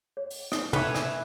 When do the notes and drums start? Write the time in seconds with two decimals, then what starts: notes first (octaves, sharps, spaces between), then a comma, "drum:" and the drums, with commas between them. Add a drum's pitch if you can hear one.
0.17 C#5
0.30 drum: open hi-hat
0.52 drum: rim click
0.73 E3 A4 B4 C#5, drum: tom
0.94 drum: rim click